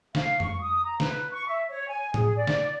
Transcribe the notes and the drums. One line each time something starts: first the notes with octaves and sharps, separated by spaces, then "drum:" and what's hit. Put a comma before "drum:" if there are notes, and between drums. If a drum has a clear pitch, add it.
F5, drum: snare
C#6, drum: tom F2
D#6
A#5
B4, drum: snare
C#6
E5
C#5
G#5
G#4, drum: tom A2
D5
drum: snare